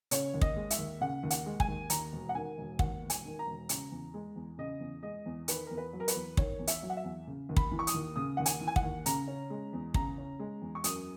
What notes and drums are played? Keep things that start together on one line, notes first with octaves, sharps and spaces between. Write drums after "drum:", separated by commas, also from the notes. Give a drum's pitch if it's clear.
C#3 C#5, drum: hi-hat
D#2
D#5, drum: kick
G#3
E5, drum: hi-hat
D#2
C#3 F#5
D#2
F#5, drum: hi-hat
G#3
G#5, drum: kick
D#2
D#2 A#5, drum: hi-hat
E1
F#5
D#3 G#5
E1
D#2 F#5, drum: kick
E1
G#5, drum: hi-hat
D#3
A#5
E1
C#3, drum: hi-hat
E2
G#3
E2
C#3 D#5
E2
G#3 D#5
E2
D#3 B4, drum: hi-hat
E2 A#4
B4
F#3
A#4
B4, drum: hi-hat
E2
D#3 C#5, drum: kick
E2
E5, drum: hi-hat
F#3
F#5
E5
E2
C#3
D#2
B5, drum: kick
E3
C#6
D#6, drum: hi-hat
D#2
C#3 D#6
D#2 F#5
G#5, drum: hi-hat
E3
G#5
F#5, drum: kick
D#2
C#3 A#5, drum: hi-hat
C#4
G#3
E2
C#3 A#5, drum: kick
C#4
G#3
E2
C#6
F#2 D#6, drum: hi-hat